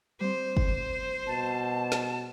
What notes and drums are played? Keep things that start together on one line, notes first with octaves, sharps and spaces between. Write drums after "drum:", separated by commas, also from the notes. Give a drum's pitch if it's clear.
G3 C4 C5
drum: kick
B2 A5
drum: snare